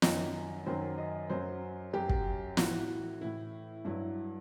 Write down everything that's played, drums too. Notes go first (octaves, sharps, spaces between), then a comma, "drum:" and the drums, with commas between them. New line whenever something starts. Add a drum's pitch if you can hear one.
F#2 D#3 F#3 D#5, drum: snare
F#2 D#3 F#3 C5
D#5
F#2 F#3 C5
F#2 F#3 G4
drum: kick
A2 E3 F#4, drum: snare
A2 E3 E4
G2 F#3 E4